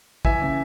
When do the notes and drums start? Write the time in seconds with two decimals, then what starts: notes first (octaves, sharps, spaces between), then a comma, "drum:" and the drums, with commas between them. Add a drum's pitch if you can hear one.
0.25 E3 E5 G#5, drum: kick
0.42 C#3